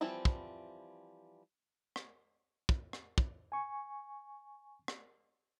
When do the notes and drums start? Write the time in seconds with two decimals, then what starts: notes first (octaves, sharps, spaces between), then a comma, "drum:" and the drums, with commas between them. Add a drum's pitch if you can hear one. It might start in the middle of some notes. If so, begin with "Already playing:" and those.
0.01 E3 F3 G3 C4 E4
0.25 drum: kick
1.96 drum: rim click
2.69 drum: kick
2.93 drum: rim click
3.18 drum: kick
3.52 G#5 C#6
4.88 drum: rim click